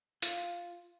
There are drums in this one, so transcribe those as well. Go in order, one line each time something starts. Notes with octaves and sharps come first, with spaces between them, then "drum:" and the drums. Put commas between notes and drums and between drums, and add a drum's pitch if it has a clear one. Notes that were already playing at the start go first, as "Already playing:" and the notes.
F4, drum: hi-hat